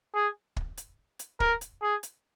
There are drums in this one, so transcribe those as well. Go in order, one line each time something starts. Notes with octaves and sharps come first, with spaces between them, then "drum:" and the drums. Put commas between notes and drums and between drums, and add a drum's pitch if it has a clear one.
G#4
drum: kick
drum: hi-hat
drum: hi-hat
A#4, drum: kick
drum: hi-hat
G#4
drum: hi-hat